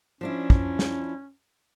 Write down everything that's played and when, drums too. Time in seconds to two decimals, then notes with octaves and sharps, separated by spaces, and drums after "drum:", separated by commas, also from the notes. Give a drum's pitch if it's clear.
0.21 F3 C#4 D4 E4
0.50 drum: kick
0.79 drum: snare